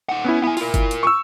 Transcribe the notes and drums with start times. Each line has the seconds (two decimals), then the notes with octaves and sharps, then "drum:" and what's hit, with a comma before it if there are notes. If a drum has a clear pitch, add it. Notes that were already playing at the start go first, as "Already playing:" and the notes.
0.09 D#4 F#5
0.25 B3 C#4 E4
0.43 B3 E4 G#5
0.57 F4 A#4, drum: open hi-hat
0.74 drum: kick G1, hi-hat
0.91 drum: hi-hat
1.03 C#6 E6